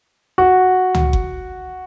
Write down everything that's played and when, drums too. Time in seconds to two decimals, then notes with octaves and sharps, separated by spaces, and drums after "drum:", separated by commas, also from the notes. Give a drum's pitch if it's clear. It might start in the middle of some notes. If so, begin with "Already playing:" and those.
0.38 F#4
0.94 drum: tom
1.13 drum: kick F#1